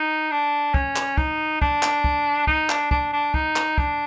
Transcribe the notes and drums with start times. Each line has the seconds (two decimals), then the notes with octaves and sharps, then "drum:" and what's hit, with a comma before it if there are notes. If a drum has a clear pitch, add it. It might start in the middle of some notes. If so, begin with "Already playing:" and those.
Already playing: D#4
0.31 D4
0.74 C#4, drum: kick
0.96 drum: clap
1.18 D#4, drum: kick
1.62 D4, drum: kick
1.83 drum: clap
2.04 drum: kick
2.47 D#4, drum: kick
2.70 D4, drum: clap
2.91 D4, drum: kick
3.13 D4
3.34 D#4, drum: kick
3.56 drum: clap
3.78 D4, drum: kick